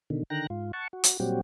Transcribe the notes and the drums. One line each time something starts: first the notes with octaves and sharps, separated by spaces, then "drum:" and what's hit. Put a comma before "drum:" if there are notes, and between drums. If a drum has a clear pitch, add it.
B2 D3 D#3
D3 D#3 G5 A#5 F#6 A#6
G#2 F4
F#5 A5 C#6
F#4
drum: hi-hat
A#2 F#3 G3 C4 F#4 G4